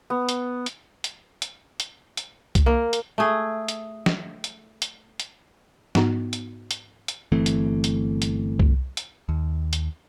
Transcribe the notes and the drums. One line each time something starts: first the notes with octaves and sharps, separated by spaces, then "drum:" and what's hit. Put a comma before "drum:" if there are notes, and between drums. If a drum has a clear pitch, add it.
B3
drum: hi-hat
drum: hi-hat
drum: hi-hat
drum: hi-hat
drum: hi-hat
drum: hi-hat
drum: kick C2, hi-hat
A#3
drum: hi-hat
A3 G#4
drum: hi-hat
drum: snare
drum: hi-hat
drum: hi-hat
drum: hi-hat
G#2 B3 D#4 F#4, drum: snare
drum: hi-hat
drum: hi-hat
drum: hi-hat
G1 E3 A3 C4
drum: hi-hat
drum: hi-hat
drum: hi-hat
drum: kick C2
drum: hi-hat
D#2
drum: hi-hat